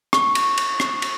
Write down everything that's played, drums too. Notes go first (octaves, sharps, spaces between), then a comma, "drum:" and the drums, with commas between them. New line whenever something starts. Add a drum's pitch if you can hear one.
C#6, drum: rim click
drum: cymbal
drum: cymbal
drum: rim click
drum: cymbal